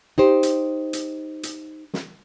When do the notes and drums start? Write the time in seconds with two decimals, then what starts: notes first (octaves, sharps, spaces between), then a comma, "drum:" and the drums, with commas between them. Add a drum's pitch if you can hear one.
0.18 D#4 G4 C5
0.43 drum: hi-hat
0.93 drum: hi-hat
1.43 drum: hi-hat
1.94 drum: snare